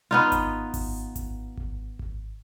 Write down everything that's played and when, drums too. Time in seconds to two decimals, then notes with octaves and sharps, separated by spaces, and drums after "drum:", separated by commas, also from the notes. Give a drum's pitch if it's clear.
0.11 B3 D#4 F4
0.32 drum: kick G#1, hi-hat
0.74 drum: kick G#1, open hi-hat
1.16 drum: kick G#1, hi-hat
1.57 drum: kick G#1
1.99 drum: kick G#1